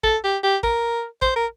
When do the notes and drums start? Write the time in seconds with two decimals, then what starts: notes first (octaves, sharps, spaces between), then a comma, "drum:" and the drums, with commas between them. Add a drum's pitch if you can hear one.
0.03 A4, drum: kick
0.24 G4
0.43 G4
0.63 A#4, drum: kick
1.22 C5, drum: kick
1.36 A#4